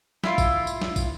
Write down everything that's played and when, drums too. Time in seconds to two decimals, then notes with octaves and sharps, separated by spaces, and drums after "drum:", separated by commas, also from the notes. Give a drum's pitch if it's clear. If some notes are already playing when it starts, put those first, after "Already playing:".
0.24 E4 F4, drum: snare
0.38 drum: kick, tambourine
0.67 drum: tambourine
0.81 drum: snare
0.96 drum: kick, tambourine